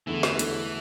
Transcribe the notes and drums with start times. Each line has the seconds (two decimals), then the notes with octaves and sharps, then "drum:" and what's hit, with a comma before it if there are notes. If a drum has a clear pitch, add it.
0.07 E2 D3 E3 A3
0.23 drum: snare
0.39 E2 D3 A3, drum: hi-hat